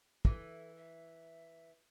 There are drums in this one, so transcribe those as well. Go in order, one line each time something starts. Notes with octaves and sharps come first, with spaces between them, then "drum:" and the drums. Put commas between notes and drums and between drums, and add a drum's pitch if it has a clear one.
E3 A4, drum: kick
E5